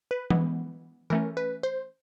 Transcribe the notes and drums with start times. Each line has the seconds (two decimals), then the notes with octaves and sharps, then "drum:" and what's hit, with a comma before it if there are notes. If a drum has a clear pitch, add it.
0.11 B4
0.30 E3 G#3 B3, drum: tom E3
1.10 E3 A3 C#4 A#4
1.37 B4
1.63 C5